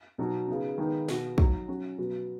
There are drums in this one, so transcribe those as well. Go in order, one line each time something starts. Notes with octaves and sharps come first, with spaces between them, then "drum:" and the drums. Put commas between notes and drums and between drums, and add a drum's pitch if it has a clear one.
B2 F#3 D#4 F#4
C#3 B3 D#4
D#3 G#3 B3 D#4
B2 B3 F#4, drum: snare
F#3 D#4 F#4, drum: kick
F#3 C#4 F#4
B2 F#3 B3 F#4